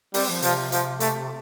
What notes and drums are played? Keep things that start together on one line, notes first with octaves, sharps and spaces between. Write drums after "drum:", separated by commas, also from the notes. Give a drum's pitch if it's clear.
G3 C4, drum: open hi-hat
F3
C3 F3, drum: hi-hat
F3, drum: hi-hat
A3, drum: hi-hat